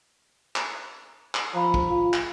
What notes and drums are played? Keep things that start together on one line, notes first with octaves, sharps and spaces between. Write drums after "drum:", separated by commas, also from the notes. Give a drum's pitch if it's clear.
drum: clap
drum: clap
F3 A#5 B5
drum: kick
F4
drum: clap